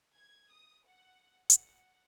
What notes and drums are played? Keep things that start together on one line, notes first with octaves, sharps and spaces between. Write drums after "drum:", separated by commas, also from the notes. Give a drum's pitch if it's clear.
G#6
D#6
F#5
F#5, drum: hi-hat